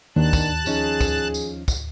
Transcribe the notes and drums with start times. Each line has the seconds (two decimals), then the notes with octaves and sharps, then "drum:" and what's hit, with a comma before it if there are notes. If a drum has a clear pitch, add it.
0.16 D#2 D#3 D4 A5 F#6
0.33 drum: kick, tambourine
0.66 F3 C#4 D#4 G#4, drum: tambourine
1.01 drum: kick, tambourine
1.34 drum: tambourine
1.68 drum: kick, tambourine